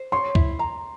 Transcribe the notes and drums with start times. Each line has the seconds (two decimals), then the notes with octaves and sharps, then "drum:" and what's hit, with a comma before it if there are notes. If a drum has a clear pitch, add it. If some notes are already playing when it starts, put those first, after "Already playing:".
Already playing: C5
0.12 C#5 C6
0.35 E4, drum: kick
0.59 A#5